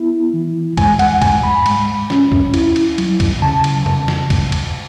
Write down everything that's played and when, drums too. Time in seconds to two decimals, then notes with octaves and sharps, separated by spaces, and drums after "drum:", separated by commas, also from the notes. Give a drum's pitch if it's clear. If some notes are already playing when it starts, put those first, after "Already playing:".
Already playing: B3 E4
0.33 E3
0.77 G#3 G#5, drum: kick C#2, cymbal
0.99 F#5, drum: cymbal
1.22 G#2 G#5, drum: kick C#2, cymbal
1.43 B5
1.66 G#3, drum: cymbal
2.10 C#4, drum: snare
2.32 drum: kick C#2
2.54 E4, drum: cymbal
2.76 drum: cymbal
2.98 F#3, drum: cymbal
3.20 drum: kick C#2, cymbal
3.42 C#3 A5
3.64 drum: cymbal
3.86 C#3, drum: tom F2
4.08 drum: snare
4.30 G#2, drum: kick C#2, cymbal
4.52 drum: cymbal